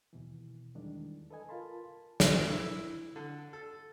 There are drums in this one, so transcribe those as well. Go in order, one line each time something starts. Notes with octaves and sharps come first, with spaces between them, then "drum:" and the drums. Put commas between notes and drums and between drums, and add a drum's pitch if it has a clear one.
D#2 B2 E3
E2 D#3 E3 G3 G#3 D4
A4 B4 D#5 G#5
F4 A#4 F5 A5 B5 C6
drum: snare
E4
D3
A4